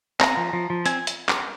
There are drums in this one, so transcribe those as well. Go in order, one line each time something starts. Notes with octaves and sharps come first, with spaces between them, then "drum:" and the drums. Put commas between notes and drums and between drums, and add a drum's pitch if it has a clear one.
C4 A#5, drum: clap
F3
F3
F3
C4 G#5, drum: hi-hat
drum: hi-hat
drum: clap